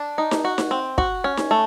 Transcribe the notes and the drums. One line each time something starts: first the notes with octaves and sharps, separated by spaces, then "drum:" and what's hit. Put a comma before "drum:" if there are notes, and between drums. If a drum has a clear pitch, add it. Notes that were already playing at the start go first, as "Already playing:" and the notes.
Already playing: D4
D#4
drum: snare D#4
F#4
drum: snare D#4
C4
F#4, drum: kick
C#4
drum: snare D#4
A3